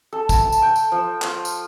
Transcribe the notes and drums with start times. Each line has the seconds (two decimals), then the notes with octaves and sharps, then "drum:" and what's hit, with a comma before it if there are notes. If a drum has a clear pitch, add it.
0.13 A4
0.29 drum: kick, tambourine
0.42 A5
0.52 drum: tambourine
0.62 G5
0.76 drum: tambourine
0.92 F3
1.22 F4, drum: clap
1.45 drum: tambourine